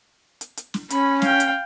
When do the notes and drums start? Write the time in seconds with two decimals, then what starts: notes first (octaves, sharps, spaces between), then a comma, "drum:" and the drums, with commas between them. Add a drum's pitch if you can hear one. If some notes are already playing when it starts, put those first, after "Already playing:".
0.41 drum: hi-hat
0.57 drum: hi-hat
0.74 drum: snare
0.90 C#4 B5, drum: hi-hat
1.22 F5 G5, drum: snare
1.40 drum: hi-hat